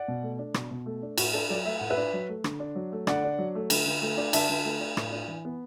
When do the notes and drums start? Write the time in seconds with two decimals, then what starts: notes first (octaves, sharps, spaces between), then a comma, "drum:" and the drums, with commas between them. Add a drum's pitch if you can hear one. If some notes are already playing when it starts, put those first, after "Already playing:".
Already playing: D5 F#5
0.08 B2
0.23 A3
0.39 D4
0.54 B2, drum: rim click
0.71 B2
0.86 A3
1.03 D4
1.18 A2 F#4, drum: cymbal
1.34 D4 A4
1.49 F#3 A4 D5
1.65 A3 E5
1.78 A2 F#5
1.90 B4 E5
1.97 D4
2.13 F#3
2.29 A3
2.44 D3, drum: rim click
2.60 D4
2.75 F#3
2.92 A3
3.07 D3 D5 F#5, drum: rim click
3.24 D4
3.38 F#3
3.55 A3
3.70 D3, drum: cymbal
3.86 D3
4.02 A3
4.17 D4
4.33 D3 E5 A5, drum: cymbal
4.49 D3
4.65 A3
4.80 D4
4.97 A2, drum: rim click
5.12 D4
5.28 E3
5.45 B3